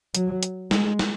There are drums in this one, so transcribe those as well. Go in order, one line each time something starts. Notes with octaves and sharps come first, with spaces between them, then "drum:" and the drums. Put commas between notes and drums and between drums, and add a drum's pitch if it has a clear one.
F#3, drum: hi-hat
drum: hi-hat
G#3, drum: snare
drum: snare